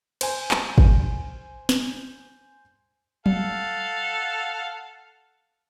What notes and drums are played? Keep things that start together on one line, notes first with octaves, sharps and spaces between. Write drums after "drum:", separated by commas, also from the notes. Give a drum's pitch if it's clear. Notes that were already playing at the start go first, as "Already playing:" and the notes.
C5 G#5, drum: cymbal
drum: clap
drum: kick
drum: snare
A4 F5 F#5, drum: tom F#3